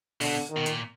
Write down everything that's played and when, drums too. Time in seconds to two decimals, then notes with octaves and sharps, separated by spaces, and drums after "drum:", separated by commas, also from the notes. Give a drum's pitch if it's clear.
0.20 B2 D3, drum: open hi-hat
0.50 D#3
0.57 B2
0.66 A#2, drum: hi-hat